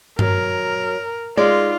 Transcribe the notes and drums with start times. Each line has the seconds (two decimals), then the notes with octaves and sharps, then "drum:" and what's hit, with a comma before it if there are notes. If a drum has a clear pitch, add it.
0.19 F#3 A#4, drum: tom G2
1.37 G#3 D#4 F4 D5